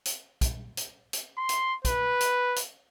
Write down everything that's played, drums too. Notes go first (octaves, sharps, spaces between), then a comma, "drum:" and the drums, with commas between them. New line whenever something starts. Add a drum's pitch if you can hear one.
drum: hi-hat
drum: kick, hi-hat
drum: hi-hat
drum: hi-hat
C6
drum: hi-hat
B4, drum: kick, hi-hat
drum: hi-hat
drum: hi-hat